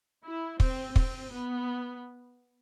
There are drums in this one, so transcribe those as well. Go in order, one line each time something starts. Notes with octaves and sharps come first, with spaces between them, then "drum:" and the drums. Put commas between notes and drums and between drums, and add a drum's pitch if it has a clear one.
E4
C4, drum: kick
C4, drum: kick
B3